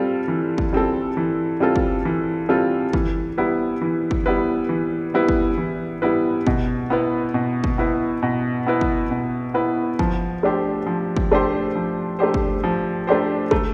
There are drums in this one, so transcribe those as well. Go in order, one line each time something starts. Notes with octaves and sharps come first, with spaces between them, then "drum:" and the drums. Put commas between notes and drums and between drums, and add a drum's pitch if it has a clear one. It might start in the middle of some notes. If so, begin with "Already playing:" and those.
Already playing: G3 C4 F4 A4
E3
drum: kick
G3 C4 F4 A4
E3
G3 C4 F4 A4
drum: kick
E3
G3 C4 F4 A4
E3, drum: kick
G3 B3 E4 B4
E3
drum: kick
G3 B3 E4 B4
E3
G3 B3 E4 B4
drum: kick
E3
G3 B3 E4 B4
B2, drum: kick
B3 E4 B4
B2
drum: kick
B3 E4 B4
B2
B3 E4 B4
drum: kick
B2
B3 E4 B4
F3, drum: kick
A3 D4 G4 C5
F3
drum: kick
A3 D4 G4 C5
F3
A3 D4 G4 C5
drum: kick
F3
A3 D4 G4 C5
A3, drum: kick